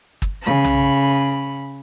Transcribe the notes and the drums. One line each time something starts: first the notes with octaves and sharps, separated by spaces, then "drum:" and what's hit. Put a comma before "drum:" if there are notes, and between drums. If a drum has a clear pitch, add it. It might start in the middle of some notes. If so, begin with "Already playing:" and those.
drum: kick
C#3 B5
drum: tom B1